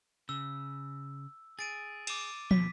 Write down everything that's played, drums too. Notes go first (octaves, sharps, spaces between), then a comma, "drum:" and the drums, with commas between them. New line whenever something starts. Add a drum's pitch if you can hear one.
C#3 E6
G#4 A6 D7 D#7
D6 D#7, drum: cymbal
D#2 B2 F3 B6, drum: tom